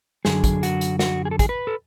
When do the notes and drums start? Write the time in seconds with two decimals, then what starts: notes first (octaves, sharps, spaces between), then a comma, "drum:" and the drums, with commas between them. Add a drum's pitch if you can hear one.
0.25 F#2 D3 F#3 G#4, drum: snare
0.44 drum: kick, hi-hat
0.63 F#4, drum: hi-hat
0.81 drum: hi-hat
0.99 F#4, drum: snare
1.25 G#4
1.31 A4
1.39 G#4, drum: kick, hi-hat
1.49 B4
1.67 A4